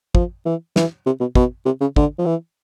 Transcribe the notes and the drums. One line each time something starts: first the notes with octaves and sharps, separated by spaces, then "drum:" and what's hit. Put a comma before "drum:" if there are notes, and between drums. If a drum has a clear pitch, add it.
F3, drum: kick
E3
E3, drum: snare
C3
B2
B2, drum: kick
C3
C#3
D3, drum: kick
F3
E3